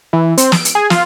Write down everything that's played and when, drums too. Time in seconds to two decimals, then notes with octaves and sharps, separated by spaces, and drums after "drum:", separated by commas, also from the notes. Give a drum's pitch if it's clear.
0.13 E3
0.37 C4, drum: hi-hat
0.52 D7, drum: snare
0.65 drum: hi-hat
0.75 G#4
0.90 F4, drum: snare